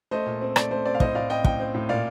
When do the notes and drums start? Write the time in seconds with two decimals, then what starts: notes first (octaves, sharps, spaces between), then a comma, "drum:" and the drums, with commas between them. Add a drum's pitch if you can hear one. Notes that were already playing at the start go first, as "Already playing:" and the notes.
0.11 A3 C5 D#5
0.26 A#2
0.41 C4
0.56 A3 D5, drum: rim click
0.71 A3 C5
0.85 C4 D5
0.95 F5
1.00 A2 C5 D#5, drum: kick
1.15 A2 D5 F5
1.30 C4 D#5 G5
1.44 A2 D#5 G5, drum: kick
1.60 C4
1.74 A2
1.89 A#2 D5 F5